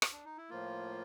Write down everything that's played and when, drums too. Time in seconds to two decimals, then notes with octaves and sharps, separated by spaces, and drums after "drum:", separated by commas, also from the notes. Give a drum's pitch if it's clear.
0.02 drum: rim click
0.13 D4
0.25 D#4
0.38 E4
0.50 A2 F3 A#3 F4